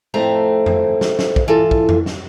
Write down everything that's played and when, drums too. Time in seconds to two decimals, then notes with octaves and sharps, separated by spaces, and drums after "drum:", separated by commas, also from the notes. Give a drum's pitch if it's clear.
0.14 F2 A2 A3 C4 A#5
0.66 drum: tom F2
1.01 drum: snare
1.19 drum: snare
1.36 drum: kick
1.48 E3 F4 A4
1.71 drum: kick
1.89 drum: tom F2
2.06 drum: snare